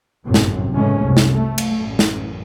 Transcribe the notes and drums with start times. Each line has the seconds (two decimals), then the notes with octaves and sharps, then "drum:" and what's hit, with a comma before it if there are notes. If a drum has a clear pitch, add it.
0.25 G1 C2 F#2 A2 C3
0.34 drum: snare
0.74 A2 C#3 E3 G#3 A3 C#4
1.05 C2 F#2 C3
1.17 drum: snare
1.37 A3
1.58 drum: cymbal
1.79 A1 F#2
1.99 drum: snare